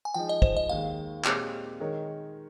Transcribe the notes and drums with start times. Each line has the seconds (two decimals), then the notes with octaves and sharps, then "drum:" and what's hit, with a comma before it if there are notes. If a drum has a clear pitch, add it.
0.05 G#5
0.14 F3 G#3 D#4 G5
0.29 D#5
0.42 C5, drum: kick
0.57 D#5
0.69 D#2 D#3 G#3 F5
1.25 A#2 G#3 C4 G4 C#5, drum: clap
1.80 D#3 G#3 D#4 A#4 C#5